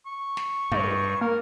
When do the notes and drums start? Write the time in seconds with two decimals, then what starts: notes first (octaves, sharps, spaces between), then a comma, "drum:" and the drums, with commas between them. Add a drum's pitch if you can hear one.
0.06 C#6
0.37 drum: snare
0.71 G2, drum: tom
1.21 A#3 A#4